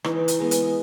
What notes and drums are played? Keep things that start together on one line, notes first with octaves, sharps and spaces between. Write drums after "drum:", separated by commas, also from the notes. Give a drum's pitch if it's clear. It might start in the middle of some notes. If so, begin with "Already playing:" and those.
E3 D#4, drum: rim click
drum: hi-hat
G#3 B3
drum: hi-hat